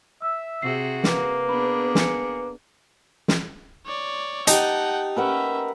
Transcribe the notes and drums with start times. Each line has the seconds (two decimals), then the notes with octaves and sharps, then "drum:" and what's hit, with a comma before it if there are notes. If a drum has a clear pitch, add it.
0.22 E5 E6
0.62 C3 F#4 G#4 C7
1.04 A#3 B4, drum: snare
1.49 B3 D4 G#4 B5
1.95 G#5 C#7, drum: snare
3.28 drum: snare
3.86 C#5 D5
4.47 D#4 G4 F#5 G5 A5, drum: hi-hat
5.17 C#4 A#4 B4 E5 F#5